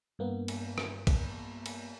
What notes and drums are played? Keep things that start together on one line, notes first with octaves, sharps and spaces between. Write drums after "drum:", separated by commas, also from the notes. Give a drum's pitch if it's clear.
G2 A#3 B3
drum: cymbal
drum: rim click
drum: kick, cymbal
drum: cymbal